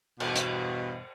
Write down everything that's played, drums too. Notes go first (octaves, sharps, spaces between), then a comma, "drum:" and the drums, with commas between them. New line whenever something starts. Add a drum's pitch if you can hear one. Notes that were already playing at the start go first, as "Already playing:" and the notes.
E2 G2 B2, drum: cymbal
drum: hi-hat